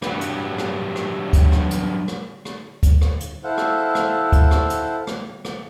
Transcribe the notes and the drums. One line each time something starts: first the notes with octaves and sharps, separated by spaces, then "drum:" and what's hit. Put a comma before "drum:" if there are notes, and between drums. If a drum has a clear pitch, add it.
G2 F#3, drum: rim click
drum: hi-hat
drum: rim click
drum: rim click
drum: kick D2, hi-hat
drum: rim click
drum: hi-hat
drum: rim click
drum: rim click
drum: kick D2, hi-hat
drum: rim click
drum: hi-hat
E4 A4 C5 F5 F#5
drum: rim click
drum: rim click
drum: kick D2, hi-hat
drum: rim click
drum: hi-hat
drum: rim click
drum: rim click